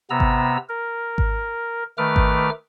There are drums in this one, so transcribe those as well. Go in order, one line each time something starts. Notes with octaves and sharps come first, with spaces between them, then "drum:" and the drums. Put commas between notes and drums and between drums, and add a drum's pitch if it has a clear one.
C3 B3 A#5 E6
drum: kick G#1
A#4
drum: kick G#1
D#3 A3 B4 D6 F6
drum: kick G#1